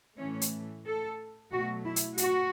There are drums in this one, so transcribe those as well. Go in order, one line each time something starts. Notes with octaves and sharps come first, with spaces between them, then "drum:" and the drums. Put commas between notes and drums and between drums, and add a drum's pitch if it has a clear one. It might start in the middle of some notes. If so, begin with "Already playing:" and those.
A2 E3 A3 C#4
drum: hi-hat
A4
B2 F#3 A3 F#4
E4
drum: hi-hat
F#4, drum: hi-hat